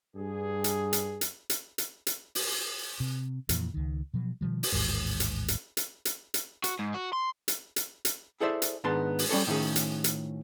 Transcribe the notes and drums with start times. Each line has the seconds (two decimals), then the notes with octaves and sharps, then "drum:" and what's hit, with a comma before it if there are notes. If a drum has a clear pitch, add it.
0.16 G2 G#4
0.64 drum: hi-hat
0.93 drum: hi-hat
1.21 drum: hi-hat
1.50 drum: hi-hat
1.78 drum: hi-hat
2.07 drum: hi-hat
2.35 drum: open hi-hat
3.00 C3
3.49 F2 A#2 E3, drum: hi-hat
3.74 C#2 D#3
4.14 B2 F3 F#3
4.41 B2 D#3 F3 G3
4.63 drum: open hi-hat
4.72 A1 D#2 G#2
5.20 drum: hi-hat
5.48 drum: hi-hat
5.77 drum: hi-hat
6.05 drum: hi-hat
6.34 drum: hi-hat
6.64 F#4, drum: hi-hat
6.79 G#2
6.94 F#4
7.13 C6
7.48 drum: hi-hat
7.76 drum: hi-hat
8.05 drum: hi-hat
8.40 E4 G#4 A4 C5 D5 E5
8.62 drum: hi-hat
8.84 G#2 D#3 B3 D4 A5 C6
9.19 drum: open hi-hat
9.29 G3 C#4 A4 C#5
9.47 A2 D#3 F3 C#4 G#4
9.76 drum: hi-hat
10.04 drum: hi-hat